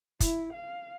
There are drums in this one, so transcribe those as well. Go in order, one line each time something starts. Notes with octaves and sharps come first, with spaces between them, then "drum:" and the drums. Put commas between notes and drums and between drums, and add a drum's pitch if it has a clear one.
E4, drum: kick, hi-hat
F5